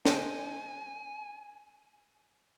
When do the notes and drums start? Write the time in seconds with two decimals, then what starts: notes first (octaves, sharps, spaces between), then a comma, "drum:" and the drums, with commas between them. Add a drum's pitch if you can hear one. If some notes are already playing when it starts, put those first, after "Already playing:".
0.05 C5 D#5 G5 G#5, drum: snare